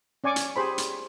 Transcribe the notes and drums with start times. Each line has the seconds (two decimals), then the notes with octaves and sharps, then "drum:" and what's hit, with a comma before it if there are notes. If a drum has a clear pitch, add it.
0.24 C#4 D5 G#5 C#6 D6
0.36 drum: hi-hat
0.56 G4 G#4 C5 B5
0.78 drum: hi-hat